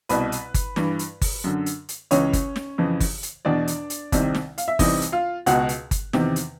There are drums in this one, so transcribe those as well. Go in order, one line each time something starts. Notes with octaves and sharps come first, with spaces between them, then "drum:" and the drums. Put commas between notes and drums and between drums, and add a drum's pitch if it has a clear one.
C2 B2 B4, drum: hi-hat
drum: hi-hat
drum: kick G1, hi-hat
G2 E3, drum: snare
drum: hi-hat
drum: kick G1, open hi-hat
F#2 D3
drum: hi-hat
drum: hi-hat
C#2 C#3 E3 C#4 C#5, drum: hi-hat
drum: kick G1, hi-hat
drum: snare
F2 C#3 E3
drum: kick G1, open hi-hat
drum: hi-hat
E2 B2 D4 D5
drum: hi-hat
drum: hi-hat
C2 C3 D#3, drum: kick G1, hi-hat
drum: snare
F5, drum: hi-hat
E5
C2 C3 E3 D#4 D#5, drum: kick G1, open hi-hat
drum: hi-hat
F4 F5
C#2 B2 F#4 F#5, drum: hi-hat
drum: hi-hat
drum: kick G1, hi-hat
E2 C3 D#3, drum: snare
drum: hi-hat